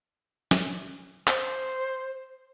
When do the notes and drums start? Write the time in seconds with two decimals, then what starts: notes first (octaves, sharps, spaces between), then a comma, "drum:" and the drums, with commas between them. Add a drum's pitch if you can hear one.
0.51 drum: snare
1.27 C5, drum: clap